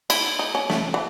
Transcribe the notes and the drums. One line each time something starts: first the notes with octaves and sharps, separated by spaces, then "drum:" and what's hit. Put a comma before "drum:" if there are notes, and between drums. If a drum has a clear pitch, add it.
E4, drum: cymbal
D#4
C#4
A3, drum: snare
E3